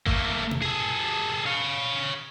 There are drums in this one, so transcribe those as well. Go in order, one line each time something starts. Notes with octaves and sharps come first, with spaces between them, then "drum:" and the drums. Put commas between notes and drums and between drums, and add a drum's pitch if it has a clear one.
A3 A#3, drum: kick G#1
drum: tom B2
G#4 A4
C#5 F5